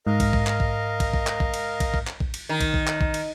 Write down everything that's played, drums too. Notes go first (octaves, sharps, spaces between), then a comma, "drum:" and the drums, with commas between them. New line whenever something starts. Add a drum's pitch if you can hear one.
G#2 A#4 D#5 F5
drum: kick, cymbal
drum: kick
drum: clap
drum: kick
drum: kick, cymbal
drum: kick
drum: clap
drum: kick
drum: cymbal
drum: kick, cymbal
drum: kick
drum: clap
drum: kick
drum: cymbal
D#3
drum: kick, cymbal
drum: kick
drum: clap
drum: kick
drum: cymbal